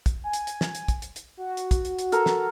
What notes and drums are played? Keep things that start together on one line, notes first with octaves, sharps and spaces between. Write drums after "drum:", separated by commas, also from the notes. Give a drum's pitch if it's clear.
drum: kick, hi-hat
G#5
drum: hi-hat
drum: hi-hat
drum: snare
drum: hi-hat
drum: kick, hi-hat
drum: hi-hat
drum: hi-hat
F#4
drum: hi-hat
drum: kick, hi-hat
drum: hi-hat
drum: hi-hat
A4 A#4, drum: hi-hat
drum: snare